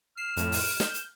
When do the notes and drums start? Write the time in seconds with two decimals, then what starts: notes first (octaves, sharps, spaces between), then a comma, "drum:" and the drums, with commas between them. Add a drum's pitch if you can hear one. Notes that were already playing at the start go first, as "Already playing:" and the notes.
0.17 F6 C7 E7
0.37 F2 A2, drum: hi-hat
0.52 drum: open hi-hat
0.61 D7
0.80 G6, drum: snare
0.94 drum: hi-hat